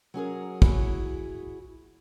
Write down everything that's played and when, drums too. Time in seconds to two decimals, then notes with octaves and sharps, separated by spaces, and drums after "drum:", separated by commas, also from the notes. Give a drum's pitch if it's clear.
0.14 F#3 C#4 G#4 A#4
0.62 E4 F#4 G#4 C#5, drum: kick